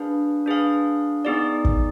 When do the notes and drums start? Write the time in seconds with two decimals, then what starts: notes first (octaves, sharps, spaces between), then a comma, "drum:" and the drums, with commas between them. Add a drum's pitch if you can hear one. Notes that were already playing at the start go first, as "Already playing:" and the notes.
Already playing: D4 G#4 B4 F5
0.46 D4 G#4 B4 F5
1.25 B3 D#4 G#4 D5
1.65 drum: kick